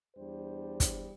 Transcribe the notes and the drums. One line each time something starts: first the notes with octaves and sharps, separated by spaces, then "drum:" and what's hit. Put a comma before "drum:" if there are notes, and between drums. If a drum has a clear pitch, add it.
E2 G3 D4 C5
drum: kick, hi-hat